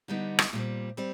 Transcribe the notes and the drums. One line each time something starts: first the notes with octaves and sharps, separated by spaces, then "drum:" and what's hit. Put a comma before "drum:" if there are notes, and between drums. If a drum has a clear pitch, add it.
D3 G3 B3 D#4
drum: rim click
A#2 G3 C4
G3 C4